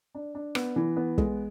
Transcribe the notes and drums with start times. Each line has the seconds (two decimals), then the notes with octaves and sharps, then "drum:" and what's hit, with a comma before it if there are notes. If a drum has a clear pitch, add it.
0.15 D4
0.35 D4
0.55 B3, drum: rim click
0.76 E3
0.96 B3
1.18 G#3, drum: kick